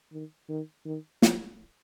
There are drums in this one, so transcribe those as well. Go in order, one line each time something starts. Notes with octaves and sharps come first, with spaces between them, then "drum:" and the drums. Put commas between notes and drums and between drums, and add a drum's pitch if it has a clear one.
D#3
D#3
D#3
F3, drum: snare